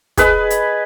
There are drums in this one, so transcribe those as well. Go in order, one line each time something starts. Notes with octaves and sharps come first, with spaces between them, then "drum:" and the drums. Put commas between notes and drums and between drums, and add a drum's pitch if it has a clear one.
G#4 B4 D#5, drum: kick, hi-hat
drum: hi-hat